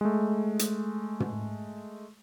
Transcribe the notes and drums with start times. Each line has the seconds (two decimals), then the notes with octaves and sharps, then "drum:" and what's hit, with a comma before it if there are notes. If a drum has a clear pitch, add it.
0.01 G#3 A3
0.59 drum: hi-hat
1.20 drum: tom